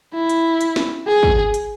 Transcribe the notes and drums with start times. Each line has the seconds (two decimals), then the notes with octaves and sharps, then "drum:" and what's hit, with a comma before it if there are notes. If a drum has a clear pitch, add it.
0.14 E4
0.29 drum: hi-hat
0.61 drum: hi-hat
0.76 drum: snare
1.07 G#4
1.23 drum: kick
1.54 drum: hi-hat